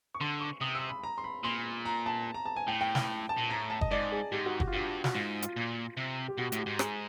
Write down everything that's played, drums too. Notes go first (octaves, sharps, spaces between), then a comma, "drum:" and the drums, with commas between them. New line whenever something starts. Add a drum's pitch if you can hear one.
C#6
D3 C6
C#6
C3 D#6
E6
B5
A#5
C6
B5
A#2 C6
A#5
A5
A#5
A5
G#5
A2 G5
G5
G5, drum: snare
A5
A#2
A2 A#5
A5
D#5, drum: kick F#1
G#2 D5
G#4
G#2 G4
F#4
F#4, drum: kick F#1
F4
G2 F#4
F#4, drum: snare
G#2 F4
F4, drum: hi-hat
A#2
C3
G4
B2 F#4
A2, drum: hi-hat
G4
G#2
G#4, drum: rim click